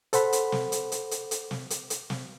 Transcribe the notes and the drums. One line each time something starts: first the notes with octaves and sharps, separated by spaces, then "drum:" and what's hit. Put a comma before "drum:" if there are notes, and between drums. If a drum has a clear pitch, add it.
A4 C5 F#5 B5, drum: hi-hat
drum: hi-hat
drum: snare
drum: hi-hat
drum: hi-hat
drum: hi-hat
drum: hi-hat
drum: snare
drum: hi-hat
drum: hi-hat
drum: snare